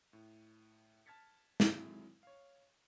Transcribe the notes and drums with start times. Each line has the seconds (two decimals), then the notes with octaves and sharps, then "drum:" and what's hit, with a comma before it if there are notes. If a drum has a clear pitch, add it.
0.13 A2
1.06 A5 F6 G#6 A6 B6 C#7
1.60 D3 D#3 F#3 G#3 C4 E4, drum: snare
2.23 C#5 F5